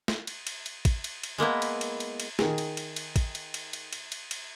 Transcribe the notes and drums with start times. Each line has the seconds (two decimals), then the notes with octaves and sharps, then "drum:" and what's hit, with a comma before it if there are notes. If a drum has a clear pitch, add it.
0.08 drum: snare
0.27 drum: cymbal
0.47 drum: cymbal
0.66 drum: cymbal
0.85 drum: kick, cymbal
1.04 drum: cymbal
1.23 drum: cymbal
1.38 G#3 A#3 B3 E4
1.62 drum: cymbal
1.81 drum: cymbal
2.00 drum: cymbal
2.20 drum: cymbal
2.39 D#3 G#4, drum: snare
2.58 drum: cymbal
2.77 drum: cymbal
2.96 drum: cymbal
3.16 drum: kick, cymbal
3.35 drum: cymbal
3.54 drum: cymbal
3.73 drum: cymbal
3.93 drum: cymbal
4.12 drum: cymbal
4.31 drum: cymbal